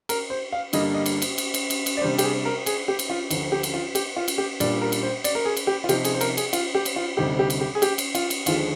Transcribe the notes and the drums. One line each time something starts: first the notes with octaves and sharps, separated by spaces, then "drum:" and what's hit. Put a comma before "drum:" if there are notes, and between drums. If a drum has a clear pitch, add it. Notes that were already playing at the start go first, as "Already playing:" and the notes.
A#4, drum: cymbal
C5
F5
G2 D3 G3 A#3 D4 D#5, drum: cymbal
D#5
drum: cymbal
drum: cymbal
drum: cymbal
drum: cymbal
drum: cymbal
drum: cymbal
D5
C3 G3 D4 C5
G4, drum: cymbal
G#4
A#4
G#4, drum: cymbal
G4
drum: cymbal
F4
D2 D3 F3, drum: cymbal
G4
drum: cymbal
F4
G4, drum: cymbal
F4
drum: cymbal
G4
A#2 G3 D4 D5, drum: cymbal
A#4
drum: cymbal
C5
D5, drum: cymbal
A#4
G#4
drum: cymbal
G4
F4
C3 F3 C4 D#4 G4, drum: cymbal
G#4, drum: cymbal
C5
A#4, drum: cymbal
G#4, drum: cymbal
F4, drum: cymbal
G4
drum: cymbal
F4
D2 C3 G3 C4 D#4 G4
G4
drum: cymbal
G4
G#4
G4, drum: cymbal
drum: cymbal
F4, drum: cymbal
drum: cymbal
D#2 D3 F3 G#3 F4, drum: cymbal